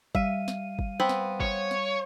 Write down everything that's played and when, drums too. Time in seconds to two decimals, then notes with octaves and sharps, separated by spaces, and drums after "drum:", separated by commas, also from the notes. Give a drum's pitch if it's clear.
0.15 G3 E5 F5 D#7, drum: kick G1
0.48 drum: snare
0.79 drum: kick G1
1.00 B3 C4 B5
1.09 drum: snare
1.40 C#5, drum: kick G1
1.71 drum: snare